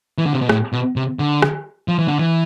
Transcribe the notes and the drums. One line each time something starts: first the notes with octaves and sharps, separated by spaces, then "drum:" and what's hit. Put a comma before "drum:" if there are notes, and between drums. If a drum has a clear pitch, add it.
E3
D3
C3
B2
A2, drum: rim click
B2
C3
D3
drum: rim click
F3
E3
D3
E3